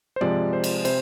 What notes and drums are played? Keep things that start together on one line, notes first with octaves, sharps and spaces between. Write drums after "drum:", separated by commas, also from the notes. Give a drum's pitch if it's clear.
C5
C3 F3 G#3 D5, drum: tom
C5
drum: cymbal
C3 C5, drum: cymbal